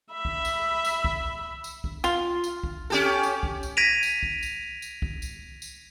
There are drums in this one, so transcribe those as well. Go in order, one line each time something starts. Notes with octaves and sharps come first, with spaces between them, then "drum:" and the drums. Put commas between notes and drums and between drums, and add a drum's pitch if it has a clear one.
E5 B5
drum: kick
drum: tambourine
drum: tambourine
drum: kick
drum: tambourine
drum: kick
F4, drum: tambourine
drum: tambourine
drum: kick
C#4 G4 A4
drum: tambourine
drum: kick
drum: tambourine
G#6 A#6 B6 D7 D#7 F7
drum: tambourine
drum: kick
drum: tambourine
drum: tambourine
drum: kick
drum: tambourine
drum: tambourine